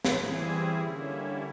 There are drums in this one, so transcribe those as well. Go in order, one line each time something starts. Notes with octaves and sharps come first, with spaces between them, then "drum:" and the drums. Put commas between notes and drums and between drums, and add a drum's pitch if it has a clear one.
drum: snare
E3 G3 C4 E4 G#4
D3 G3 A#3 C#4 E4